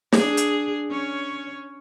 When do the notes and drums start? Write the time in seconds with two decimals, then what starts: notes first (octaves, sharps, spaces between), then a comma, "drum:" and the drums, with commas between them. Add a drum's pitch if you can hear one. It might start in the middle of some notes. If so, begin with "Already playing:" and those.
0.12 D4 G#4, drum: snare
0.37 drum: hi-hat
0.90 C#4 C#5